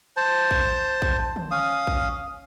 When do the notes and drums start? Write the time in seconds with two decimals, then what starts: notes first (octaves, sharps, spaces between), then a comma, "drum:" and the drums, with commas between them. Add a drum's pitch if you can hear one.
0.17 C5 A5
0.51 drum: kick A1
1.02 drum: kick A1
1.36 drum: tom
1.51 C#4 F5 D#6
1.87 drum: kick A1